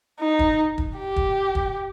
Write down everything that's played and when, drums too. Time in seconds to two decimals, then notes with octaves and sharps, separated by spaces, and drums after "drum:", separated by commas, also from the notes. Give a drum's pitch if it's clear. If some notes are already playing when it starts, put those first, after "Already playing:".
0.20 D#4
0.39 drum: kick
0.78 drum: kick
0.97 G4
1.16 drum: kick
1.55 drum: kick